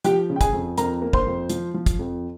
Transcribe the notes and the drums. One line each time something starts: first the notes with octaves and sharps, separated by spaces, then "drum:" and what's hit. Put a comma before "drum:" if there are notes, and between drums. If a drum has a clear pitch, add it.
F3 G4 G5, drum: hi-hat
C#3
G5
G#4 G#5, drum: kick, hi-hat
F2
F2 A#4 A#5, drum: hi-hat
A#3
C5 C6, drum: kick
F2
F3, drum: hi-hat
F3
drum: kick, hi-hat
F2